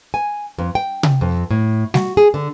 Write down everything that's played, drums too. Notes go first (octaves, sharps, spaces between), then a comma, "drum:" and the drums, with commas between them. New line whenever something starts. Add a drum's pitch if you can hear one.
G#5
F2
G5
drum: tom C3
F2
A2
F#4, drum: snare
G#4
D3